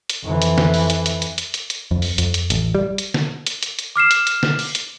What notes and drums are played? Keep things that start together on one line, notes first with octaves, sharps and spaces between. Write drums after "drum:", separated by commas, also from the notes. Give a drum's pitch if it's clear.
drum: hi-hat
F2 E3
drum: hi-hat
drum: snare
drum: open hi-hat
drum: hi-hat
drum: hi-hat
drum: hi-hat
drum: hi-hat
drum: hi-hat
drum: hi-hat
F2
drum: open hi-hat
F2, drum: hi-hat
drum: hi-hat
A1, drum: hi-hat
G3
drum: hi-hat
drum: snare
drum: hi-hat
drum: hi-hat
drum: hi-hat
D6 F6 C7 E7
drum: hi-hat
drum: hi-hat
drum: snare
drum: open hi-hat
drum: hi-hat